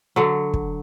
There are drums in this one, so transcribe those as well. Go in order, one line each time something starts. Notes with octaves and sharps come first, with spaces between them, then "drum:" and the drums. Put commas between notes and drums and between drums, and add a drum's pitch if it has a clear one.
D3 F#3
drum: kick